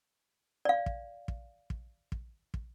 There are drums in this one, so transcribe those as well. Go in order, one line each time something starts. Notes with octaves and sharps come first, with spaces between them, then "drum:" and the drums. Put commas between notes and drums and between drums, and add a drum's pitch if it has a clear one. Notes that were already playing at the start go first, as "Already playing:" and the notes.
D5 F5
drum: kick
drum: kick
drum: kick
drum: kick
drum: kick